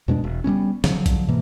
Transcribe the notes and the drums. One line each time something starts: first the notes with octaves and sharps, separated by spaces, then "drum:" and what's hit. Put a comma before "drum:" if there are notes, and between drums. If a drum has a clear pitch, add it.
F2 B2 G#3 D4
E1
G3 G#3 B3 C#4
D3 F3 F#3, drum: snare
drum: kick A#1, hi-hat
G#2 B2 E3 A#3